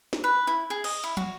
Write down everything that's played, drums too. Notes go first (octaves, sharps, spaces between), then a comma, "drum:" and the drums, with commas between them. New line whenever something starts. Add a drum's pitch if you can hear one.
drum: snare
B4
E4
G#4
D#5, drum: cymbal
E4
F#4, drum: tom